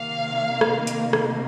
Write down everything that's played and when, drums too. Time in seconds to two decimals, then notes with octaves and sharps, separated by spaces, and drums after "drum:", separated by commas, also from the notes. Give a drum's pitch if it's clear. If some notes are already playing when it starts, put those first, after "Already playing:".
Already playing: C3 D#3 A#3 F5
0.61 drum: rim click
0.87 drum: hi-hat
1.13 drum: rim click